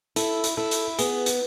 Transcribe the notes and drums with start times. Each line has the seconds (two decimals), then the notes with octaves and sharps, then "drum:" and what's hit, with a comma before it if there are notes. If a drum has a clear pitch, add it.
0.16 E4 A4, drum: hi-hat
0.44 drum: hi-hat
0.57 E4 A4
0.71 drum: hi-hat
0.99 B3 G#4, drum: hi-hat
1.26 drum: hi-hat